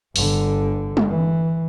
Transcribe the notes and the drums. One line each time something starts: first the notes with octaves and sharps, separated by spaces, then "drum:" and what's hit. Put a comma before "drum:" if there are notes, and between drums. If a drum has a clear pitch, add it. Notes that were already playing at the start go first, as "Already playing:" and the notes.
G1 D3, drum: open hi-hat
drum: tom G3
E3